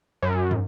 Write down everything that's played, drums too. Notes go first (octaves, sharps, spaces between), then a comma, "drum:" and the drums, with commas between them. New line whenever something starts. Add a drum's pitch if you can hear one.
F#2
drum: tom